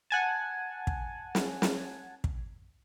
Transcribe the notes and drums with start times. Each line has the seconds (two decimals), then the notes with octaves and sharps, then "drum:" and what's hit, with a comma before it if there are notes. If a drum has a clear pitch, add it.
0.10 F#5 G#5 A5
0.87 drum: kick
1.35 drum: snare
1.62 drum: snare
2.24 drum: kick